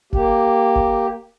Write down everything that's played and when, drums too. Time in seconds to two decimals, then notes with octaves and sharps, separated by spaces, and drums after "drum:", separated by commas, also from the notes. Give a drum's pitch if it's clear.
0.13 A#3 G4, drum: kick F1
0.75 drum: kick F1